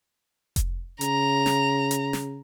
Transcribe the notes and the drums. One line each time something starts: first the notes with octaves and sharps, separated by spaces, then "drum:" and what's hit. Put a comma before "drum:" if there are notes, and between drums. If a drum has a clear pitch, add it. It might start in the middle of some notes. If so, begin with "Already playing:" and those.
drum: kick F1, hi-hat
C#3 A#5, drum: hi-hat
drum: snare
drum: hi-hat
drum: snare